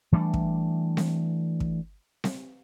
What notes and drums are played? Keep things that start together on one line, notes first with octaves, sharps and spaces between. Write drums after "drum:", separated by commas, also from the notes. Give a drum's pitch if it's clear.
E3 G3 A3 D4
drum: kick
drum: snare C4
drum: kick
drum: snare C4